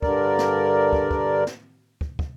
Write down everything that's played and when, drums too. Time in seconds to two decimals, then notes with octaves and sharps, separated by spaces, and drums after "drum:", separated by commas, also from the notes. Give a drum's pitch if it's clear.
0.02 G2 D3 A#4 D5, drum: kick
0.39 drum: snare
0.93 drum: kick
1.11 drum: kick
1.47 drum: snare
2.01 drum: kick
2.19 drum: kick